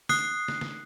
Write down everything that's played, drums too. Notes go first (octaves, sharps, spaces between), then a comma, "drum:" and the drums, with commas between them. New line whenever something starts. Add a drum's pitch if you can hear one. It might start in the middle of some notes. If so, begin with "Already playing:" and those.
D#6 F#6 C7, drum: snare
drum: snare
drum: snare